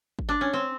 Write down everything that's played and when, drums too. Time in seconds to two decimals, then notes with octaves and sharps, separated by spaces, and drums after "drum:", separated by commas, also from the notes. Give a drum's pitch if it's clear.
0.19 drum: kick
0.29 D4
0.41 C#4
0.53 C4